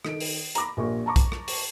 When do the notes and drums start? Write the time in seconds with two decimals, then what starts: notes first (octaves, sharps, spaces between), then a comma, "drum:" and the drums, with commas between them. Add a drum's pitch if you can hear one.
0.05 D#3 A4 D7, drum: rim click
0.20 drum: open hi-hat
0.55 A#5 B5 D6 A#6, drum: hi-hat
0.77 A#1 A#2 G4 A#4 C#6
1.06 A5 A#5 C#6 D6
1.16 drum: kick B1, hi-hat
1.32 drum: rim click
1.48 drum: open hi-hat